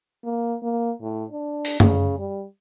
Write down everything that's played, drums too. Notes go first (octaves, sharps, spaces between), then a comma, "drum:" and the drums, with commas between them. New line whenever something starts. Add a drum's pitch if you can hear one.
A#3
A#3
A2
D4
drum: open hi-hat
C#3, drum: tom F#2
G3